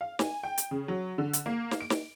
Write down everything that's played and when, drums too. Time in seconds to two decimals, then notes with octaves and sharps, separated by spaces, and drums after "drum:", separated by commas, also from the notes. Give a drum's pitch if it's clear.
0.01 F5
0.19 G#5, drum: snare
0.43 G5
0.58 drum: hi-hat
0.71 C#3
0.88 F#3
1.18 D3
1.33 drum: hi-hat
1.46 A#3
1.71 drum: snare
1.81 D7
1.90 drum: snare